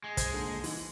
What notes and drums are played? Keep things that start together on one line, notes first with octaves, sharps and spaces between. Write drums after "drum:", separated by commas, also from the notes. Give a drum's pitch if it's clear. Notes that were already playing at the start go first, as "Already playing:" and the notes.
G#3
C5, drum: kick, hi-hat
A#2 D3
E3, drum: open hi-hat